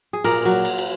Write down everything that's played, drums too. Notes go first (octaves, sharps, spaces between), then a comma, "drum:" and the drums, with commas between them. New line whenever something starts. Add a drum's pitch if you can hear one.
G#4
A#2 A#4, drum: cymbal
F#3
drum: cymbal
drum: cymbal